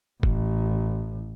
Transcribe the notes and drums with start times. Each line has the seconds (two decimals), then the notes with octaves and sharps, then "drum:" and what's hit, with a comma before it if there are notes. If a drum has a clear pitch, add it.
0.23 A1, drum: kick F1